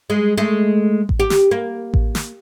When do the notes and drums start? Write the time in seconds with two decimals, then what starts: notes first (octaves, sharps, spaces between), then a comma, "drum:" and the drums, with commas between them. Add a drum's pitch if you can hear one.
0.10 G#3
0.38 G#3 A3
1.09 drum: kick A1
1.20 G4
1.30 drum: snare
1.51 A#3
1.94 drum: kick A1
2.15 drum: snare